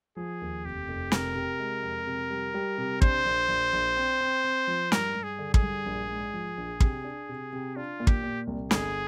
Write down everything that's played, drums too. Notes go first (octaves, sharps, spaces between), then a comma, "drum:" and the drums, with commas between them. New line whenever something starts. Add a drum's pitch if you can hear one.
F3 G#4
D#2
F1 G4
F1
C3 A#4, drum: snare
C3
G#3
F2
C3
G3
G3
C3
D4 C5, drum: kick
A#1
A#1
A#1
C4
C4
C4
F3
G2 A#4, drum: snare
G2
G#4
D3
G#4, drum: kick
G2
A#1
G#2
F3
A#1
C3, drum: kick
D4
C3
C3
D4 F4
A#2
G4, drum: kick
A#2
C2
G1 G#4, drum: snare